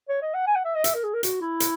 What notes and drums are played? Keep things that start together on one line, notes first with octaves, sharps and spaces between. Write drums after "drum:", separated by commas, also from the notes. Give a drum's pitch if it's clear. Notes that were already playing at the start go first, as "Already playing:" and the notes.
C#5
D#5
F#5
G#5
F#5
E5
D#5
E5, drum: hi-hat
A#4
G#4
A#4
F#4, drum: hi-hat
E4
drum: hi-hat